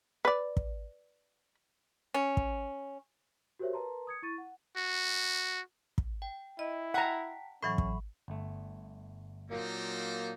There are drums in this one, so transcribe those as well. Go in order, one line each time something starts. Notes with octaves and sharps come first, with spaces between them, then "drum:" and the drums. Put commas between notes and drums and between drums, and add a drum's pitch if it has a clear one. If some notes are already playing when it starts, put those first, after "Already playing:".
B4 D5
drum: kick
C#4
drum: kick
F#4 G4 A#4 C5 C#5 E5
A#4 B4 A5 A#5 C6
D#6 G#6 C#7
E4 C#6 A6 D#7
F#5
F#4
drum: kick
G5
E4 D#5
F#5 G5 A5 A#5 B6
A2 E3 F#3 C#4 B5 C#6
drum: kick
G1 A3
A#2 F#3 A#3 C4 D4 D#4